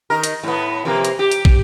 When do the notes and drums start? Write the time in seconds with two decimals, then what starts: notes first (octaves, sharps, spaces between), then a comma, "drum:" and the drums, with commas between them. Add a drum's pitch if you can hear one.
0.10 D#3 A#4
0.24 drum: hi-hat
0.43 A2 B3
0.85 C3 F3 A#3
1.05 drum: hi-hat
1.19 G4
1.32 drum: hi-hat
1.45 drum: kick